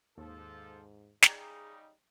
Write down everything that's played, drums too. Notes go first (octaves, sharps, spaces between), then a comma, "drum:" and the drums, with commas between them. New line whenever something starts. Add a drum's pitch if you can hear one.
D#2 G#2 F3 A4
C#3 G3 D#4 G#4 D5 G5 A#5, drum: snare